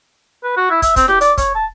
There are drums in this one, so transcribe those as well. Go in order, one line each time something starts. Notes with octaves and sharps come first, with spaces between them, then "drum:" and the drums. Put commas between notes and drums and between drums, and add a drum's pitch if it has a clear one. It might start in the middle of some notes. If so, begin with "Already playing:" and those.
B4
F#4
E4
E5, drum: kick, hi-hat
C4, drum: kick, hi-hat
G4, drum: snare E4
D5, drum: hi-hat
C#5, drum: kick, hi-hat
A5